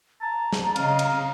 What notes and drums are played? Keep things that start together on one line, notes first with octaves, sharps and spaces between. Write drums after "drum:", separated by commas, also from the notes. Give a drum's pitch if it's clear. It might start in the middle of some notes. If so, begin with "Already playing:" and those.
A5 A#5
drum: snare
C#3 D#5 F5, drum: cymbal
drum: cymbal